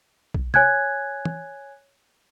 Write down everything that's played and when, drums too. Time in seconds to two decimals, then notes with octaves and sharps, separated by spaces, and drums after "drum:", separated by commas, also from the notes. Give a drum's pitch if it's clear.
0.34 drum: kick B1
0.54 C#5 G#5 F#6 G#6, drum: tom
1.25 drum: tom